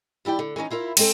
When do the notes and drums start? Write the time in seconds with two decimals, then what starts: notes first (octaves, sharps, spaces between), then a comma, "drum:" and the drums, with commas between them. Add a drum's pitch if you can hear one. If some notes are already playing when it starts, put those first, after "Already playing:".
0.25 F3 E4 G4 D5 G5
0.39 D3
0.56 D3 E3 C#4 D#4
0.70 E4 F4 A#4 E5
0.97 G#3 C4 A4, drum: cymbal